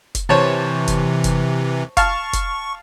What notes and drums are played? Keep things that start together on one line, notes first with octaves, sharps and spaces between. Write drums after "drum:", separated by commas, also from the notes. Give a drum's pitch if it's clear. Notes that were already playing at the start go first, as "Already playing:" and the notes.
drum: kick F1, hi-hat
C3 E3 C5 C#5 A5
drum: kick F1, hi-hat
drum: kick F1, hi-hat
F5 A5 C#6, drum: kick F1, hi-hat
drum: kick F1, hi-hat